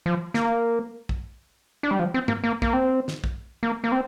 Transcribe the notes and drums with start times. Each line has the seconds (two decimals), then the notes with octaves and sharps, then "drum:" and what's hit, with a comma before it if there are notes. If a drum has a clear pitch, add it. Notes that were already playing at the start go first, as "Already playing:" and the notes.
0.06 F3
0.34 A#3, drum: snare
1.09 drum: kick
1.83 D4
1.91 G3
1.99 F3
2.14 C4
2.28 A#3, drum: tom
2.44 A#3
2.62 A#3, drum: kick
2.73 C4
3.08 drum: snare
3.24 drum: kick
3.63 A#3
3.84 A#3
3.92 C4